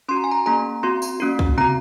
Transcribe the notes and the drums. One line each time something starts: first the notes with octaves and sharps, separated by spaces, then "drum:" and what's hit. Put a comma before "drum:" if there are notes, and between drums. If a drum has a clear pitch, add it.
C#4 F#4 C6
A#5
G#5
A#5
A#3 C#4 G#4 A#5
C4 F#4 C6
drum: tambourine
A#3 C#4 F#4
drum: kick C2
C4 F#4 A#5, drum: tom